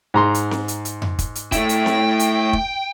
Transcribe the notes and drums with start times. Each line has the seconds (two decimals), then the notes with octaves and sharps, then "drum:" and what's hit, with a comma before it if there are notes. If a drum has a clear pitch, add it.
0.14 G#2 A#5 C6
0.34 drum: hi-hat
0.51 drum: snare C4
0.68 drum: hi-hat
0.85 drum: hi-hat
1.02 drum: tom F2
1.19 drum: kick, hi-hat
1.35 drum: hi-hat
1.52 A3 E4 G5, drum: kick, hi-hat
1.69 drum: hi-hat
1.86 drum: snare C4
2.20 drum: hi-hat
2.53 drum: kick